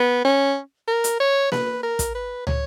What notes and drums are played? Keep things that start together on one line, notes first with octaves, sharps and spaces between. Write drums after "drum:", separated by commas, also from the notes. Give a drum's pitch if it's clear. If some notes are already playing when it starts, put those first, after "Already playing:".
Already playing: B3
C#4
A#4
drum: hi-hat
C#5
B4, drum: snare A#3
A#4
drum: kick, hi-hat
B4
C#5, drum: tom